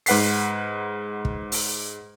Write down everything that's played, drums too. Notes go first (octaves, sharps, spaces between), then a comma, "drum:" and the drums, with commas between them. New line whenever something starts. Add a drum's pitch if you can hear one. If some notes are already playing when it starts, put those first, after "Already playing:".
G#2 B4 F#5 B6 C7, drum: open hi-hat
drum: kick
drum: open hi-hat